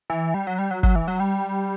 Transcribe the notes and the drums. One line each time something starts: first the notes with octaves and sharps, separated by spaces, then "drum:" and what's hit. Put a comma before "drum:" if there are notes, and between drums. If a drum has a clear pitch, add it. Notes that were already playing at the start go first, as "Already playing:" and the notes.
E3
G3
F#3
G3
F#3
F#3, drum: kick
E3
F#3
G3